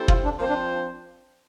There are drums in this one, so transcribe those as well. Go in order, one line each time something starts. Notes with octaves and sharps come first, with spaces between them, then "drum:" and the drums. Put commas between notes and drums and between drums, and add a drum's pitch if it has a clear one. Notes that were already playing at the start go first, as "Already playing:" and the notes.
Already playing: G3 C4 E4 A4 C5
F4, drum: kick
D4
F3 A#3 C4 F4 C5
D4